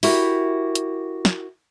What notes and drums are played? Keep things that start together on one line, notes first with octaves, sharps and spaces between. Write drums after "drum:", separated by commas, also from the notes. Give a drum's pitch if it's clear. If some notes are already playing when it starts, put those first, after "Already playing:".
E4 F#4 G4 A#4, drum: open hi-hat
drum: hi-hat
drum: snare